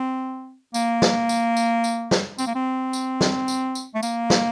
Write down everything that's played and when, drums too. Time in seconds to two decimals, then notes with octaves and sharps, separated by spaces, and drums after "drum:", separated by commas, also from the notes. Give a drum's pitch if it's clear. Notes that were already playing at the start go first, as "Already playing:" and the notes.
Already playing: C4
0.74 A#3, drum: tambourine
1.02 drum: snare
1.29 drum: tambourine
1.57 drum: tambourine
1.84 drum: tambourine
2.11 drum: snare
2.39 C4, drum: tambourine
2.47 A#3
2.55 C4
2.93 drum: tambourine
3.21 drum: snare
3.48 drum: tambourine
3.75 drum: tambourine
3.95 A3
4.03 A#3, drum: tambourine
4.30 drum: snare